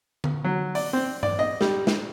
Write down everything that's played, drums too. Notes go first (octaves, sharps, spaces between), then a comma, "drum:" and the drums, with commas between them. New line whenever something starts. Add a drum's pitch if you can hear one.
drum: tom D3
F#3
D5, drum: open hi-hat
C4
D5, drum: tom G2
D#5
G3, drum: snare
drum: snare